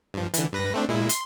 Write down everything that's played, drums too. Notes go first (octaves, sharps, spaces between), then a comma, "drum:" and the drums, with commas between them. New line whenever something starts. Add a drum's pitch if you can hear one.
G2 F3
D3 E3, drum: hi-hat
G2 B4 A#6
A3 C4 D4
A#2 G#3 E4
C6, drum: hi-hat